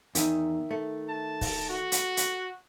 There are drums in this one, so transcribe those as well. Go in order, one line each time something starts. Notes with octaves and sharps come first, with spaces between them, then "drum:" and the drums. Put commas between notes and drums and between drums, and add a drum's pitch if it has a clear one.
E2 D#3 D#4 E5, drum: hi-hat
A3
A5
drum: kick, open hi-hat
F#4
drum: hi-hat
drum: hi-hat